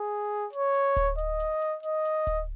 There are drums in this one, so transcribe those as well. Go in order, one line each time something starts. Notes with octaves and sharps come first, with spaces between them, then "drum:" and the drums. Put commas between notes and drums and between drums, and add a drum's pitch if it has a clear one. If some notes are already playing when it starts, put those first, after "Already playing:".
Already playing: G#4
C#5, drum: hi-hat
drum: hi-hat
drum: kick D1, hi-hat
D#5, drum: hi-hat
drum: hi-hat
drum: hi-hat
D#5, drum: hi-hat
drum: hi-hat
drum: kick D1, hi-hat